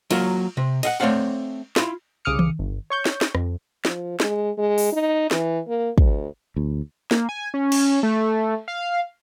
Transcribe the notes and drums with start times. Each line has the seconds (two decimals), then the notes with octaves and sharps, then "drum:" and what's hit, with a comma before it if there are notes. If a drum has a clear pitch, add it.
0.11 F#3 A#3 F4 F#4 A#4, drum: cymbal
0.57 C3
0.83 D#5 F5 F#5, drum: cymbal
1.00 A3 C4 C#5 D5 F5 F#5
1.76 E4 F4, drum: snare
2.25 C2 C#3 D6 D#6 F6 C#7
2.39 drum: tom D#3
2.59 G1
2.90 C#5 C#6 G6
3.06 drum: snare
3.21 drum: snare
3.35 F2, drum: rim click
3.85 F3, drum: snare
4.20 G#3, drum: snare
4.58 G#3
4.78 drum: open hi-hat
4.93 D#4
5.31 E3, drum: snare
5.68 A#3
5.98 D2, drum: kick
6.56 D2
7.11 A#3, drum: snare
7.29 G#5
7.54 C#4
7.72 drum: cymbal
8.03 A3
8.68 F5